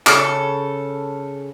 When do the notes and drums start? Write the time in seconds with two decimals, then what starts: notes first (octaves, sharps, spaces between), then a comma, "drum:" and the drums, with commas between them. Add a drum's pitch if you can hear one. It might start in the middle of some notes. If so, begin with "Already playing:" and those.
0.07 C#3 A4, drum: clap